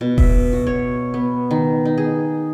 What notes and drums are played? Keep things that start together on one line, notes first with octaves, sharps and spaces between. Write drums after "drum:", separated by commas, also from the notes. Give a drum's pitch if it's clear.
B2
E5, drum: kick E1
F#4
C#5
B3
D#3
D#4
G#4